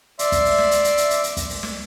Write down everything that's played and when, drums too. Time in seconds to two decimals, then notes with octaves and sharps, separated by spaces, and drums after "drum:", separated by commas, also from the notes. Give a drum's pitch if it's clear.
0.19 D5 E5 C6, drum: hi-hat
0.32 drum: kick, hi-hat
0.45 drum: open hi-hat
0.58 drum: snare
0.71 drum: hi-hat
0.84 drum: hi-hat
0.97 drum: hi-hat
1.11 drum: hi-hat
1.24 drum: hi-hat
1.37 drum: kick, hi-hat
1.50 drum: open hi-hat
1.63 drum: snare